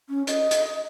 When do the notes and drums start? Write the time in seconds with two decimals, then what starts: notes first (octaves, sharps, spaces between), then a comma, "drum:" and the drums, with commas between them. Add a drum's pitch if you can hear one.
0.09 C#4
0.27 D#5, drum: hi-hat
0.51 drum: hi-hat